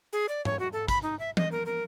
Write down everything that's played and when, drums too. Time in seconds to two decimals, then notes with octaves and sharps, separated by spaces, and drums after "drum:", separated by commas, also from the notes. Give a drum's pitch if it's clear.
0.13 G#4
0.29 D5
0.45 C#5, drum: tom G#2
0.59 F#4
0.73 A4
0.88 B5, drum: kick, hi-hat
1.02 D#4
1.19 E5
1.37 D#5, drum: tom E3
1.52 A#4
1.66 A#4